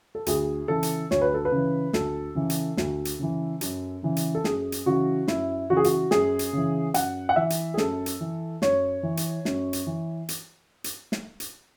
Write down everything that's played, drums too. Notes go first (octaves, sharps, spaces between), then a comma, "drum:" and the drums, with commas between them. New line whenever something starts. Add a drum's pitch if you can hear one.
A4
D2 G#4, drum: hi-hat
C#3 E3 A4
drum: hi-hat
D2 C#5, drum: snare
B4
A4
B4
C#3 E3
D2 A4, drum: snare
C#3 E3
drum: hi-hat
D2, drum: snare
drum: hi-hat
C#3 E3
F#2, drum: hi-hat
C#3 E3
drum: hi-hat
A4
F#2 G#4, drum: snare
drum: hi-hat
C#3 E3 F#4
F#2 E4, drum: snare
C#3 E3 F#4
G#4
F#4, drum: hi-hat
F#2 G#4, drum: snare
drum: hi-hat
C#3 E3
F#2 F#5, drum: hi-hat
F#5
E3 E5
drum: hi-hat
G#4
F#2 A4, drum: snare
drum: hi-hat
E3
F#2 C#5, drum: snare
E3
drum: hi-hat
F#2, drum: snare
drum: hi-hat
E3
drum: hi-hat
drum: hi-hat
drum: snare
drum: hi-hat